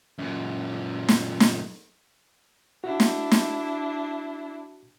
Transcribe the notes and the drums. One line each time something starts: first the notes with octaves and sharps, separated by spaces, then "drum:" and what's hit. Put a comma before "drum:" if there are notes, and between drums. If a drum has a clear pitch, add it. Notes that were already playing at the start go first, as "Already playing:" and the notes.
F#2 A#2
drum: snare
drum: snare
D4 E4 F#4
drum: snare
drum: snare